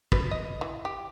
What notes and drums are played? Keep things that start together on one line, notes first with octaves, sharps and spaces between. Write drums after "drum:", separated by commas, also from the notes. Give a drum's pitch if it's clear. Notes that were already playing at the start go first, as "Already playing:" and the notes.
B4, drum: kick
D#5
E3
G4